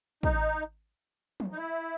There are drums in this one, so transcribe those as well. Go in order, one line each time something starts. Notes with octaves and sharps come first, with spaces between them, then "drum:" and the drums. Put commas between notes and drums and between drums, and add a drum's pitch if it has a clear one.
D#4, drum: kick
drum: tom
D#4
E4